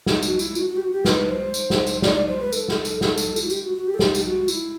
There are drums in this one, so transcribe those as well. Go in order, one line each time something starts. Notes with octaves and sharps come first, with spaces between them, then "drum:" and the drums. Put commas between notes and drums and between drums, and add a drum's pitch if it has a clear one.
drum: snare
F#4, drum: tambourine
E4, drum: tambourine
F#4, drum: tambourine
F#4
G4
F#4
G4
B4, drum: snare
C5
drum: tambourine
drum: snare
drum: tambourine
D5, drum: snare
D5
C5
B4
A4, drum: tambourine
drum: snare
drum: tambourine
A4, drum: snare
drum: tambourine
E4, drum: tambourine
F#4
G4, drum: tambourine
F#4
F#4
G4
A4
G4, drum: snare
G4, drum: tambourine
F#4
E4, drum: tambourine